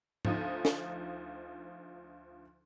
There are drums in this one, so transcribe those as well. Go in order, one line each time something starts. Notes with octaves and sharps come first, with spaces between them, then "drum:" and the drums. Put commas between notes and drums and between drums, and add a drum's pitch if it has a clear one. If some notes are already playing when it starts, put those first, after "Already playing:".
D2 F3 D#4, drum: tom G#2
drum: snare